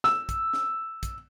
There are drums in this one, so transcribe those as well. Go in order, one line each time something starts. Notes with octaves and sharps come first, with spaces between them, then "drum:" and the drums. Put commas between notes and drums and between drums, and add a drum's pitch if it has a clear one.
E6, drum: snare
drum: kick, hi-hat
drum: snare
drum: kick, hi-hat